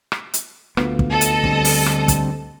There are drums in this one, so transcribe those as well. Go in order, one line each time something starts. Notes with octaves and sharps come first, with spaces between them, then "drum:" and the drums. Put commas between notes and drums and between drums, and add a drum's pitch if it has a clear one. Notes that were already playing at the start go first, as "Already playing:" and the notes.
drum: rim click
drum: hi-hat
D2 B3 F4, drum: rim click
drum: kick
A4 D#5
drum: hi-hat
D3 G3 C4, drum: kick
drum: open hi-hat
drum: rim click
drum: kick, hi-hat